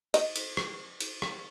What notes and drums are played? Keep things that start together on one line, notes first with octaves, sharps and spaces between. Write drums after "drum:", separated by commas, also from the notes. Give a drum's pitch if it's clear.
D#5, drum: cymbal
drum: cymbal
drum: rim click
drum: cymbal
drum: rim click